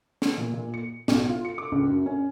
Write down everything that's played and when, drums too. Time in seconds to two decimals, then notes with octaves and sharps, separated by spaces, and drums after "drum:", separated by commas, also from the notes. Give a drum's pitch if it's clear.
0.22 drum: snare
0.38 A#2
0.54 A#2
0.74 C#7
1.08 B1, drum: snare
1.29 F4
1.45 C#7
1.58 D6
1.72 C#2
1.89 F#2
2.06 C#4